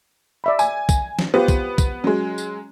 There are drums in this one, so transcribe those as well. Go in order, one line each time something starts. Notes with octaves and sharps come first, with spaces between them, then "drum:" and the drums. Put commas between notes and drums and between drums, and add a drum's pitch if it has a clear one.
D5 E5 B5
G#5, drum: tambourine
drum: kick B1, tambourine
drum: snare
B3 F4 G4 C5
drum: kick B1, tambourine
drum: kick B1, tambourine
F#3 G#3 C#4
drum: tambourine